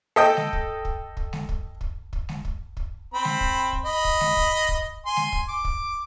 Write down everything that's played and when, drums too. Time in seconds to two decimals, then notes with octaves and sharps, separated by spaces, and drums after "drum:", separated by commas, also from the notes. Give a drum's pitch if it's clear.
0.16 A4 D#5 G5
0.37 drum: snare G#3
0.53 drum: kick
0.85 drum: kick
1.17 drum: kick
1.33 drum: snare G#3
1.49 drum: kick
1.81 drum: kick
2.13 drum: kick
2.29 drum: snare G#3
2.45 drum: kick
2.77 drum: kick
3.13 C4 B5
3.25 drum: snare G#3
3.41 drum: kick
3.73 drum: kick
3.85 D#5 B5
4.05 drum: kick
4.21 drum: snare G#3
4.37 drum: kick
4.69 drum: kick
5.06 G#5 C6
5.17 drum: snare G#3
5.33 drum: kick
5.49 D6
5.65 drum: kick